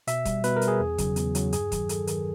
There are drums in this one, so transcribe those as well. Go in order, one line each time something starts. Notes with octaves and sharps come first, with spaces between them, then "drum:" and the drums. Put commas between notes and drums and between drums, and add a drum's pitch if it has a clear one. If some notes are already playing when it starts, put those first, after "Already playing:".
B2 E5, drum: hi-hat
G3, drum: kick D#1, hi-hat
B2 B4, drum: hi-hat
A#4
G3, drum: hi-hat
G#4
E2
C#3 F#3, drum: kick D#1, hi-hat
E2, drum: hi-hat
C#3 F#3, drum: hi-hat
G2 G#4, drum: hi-hat
D#3 F#3, drum: kick D#1, hi-hat
G2 A4, drum: hi-hat
D#3 F#3 A#4, drum: hi-hat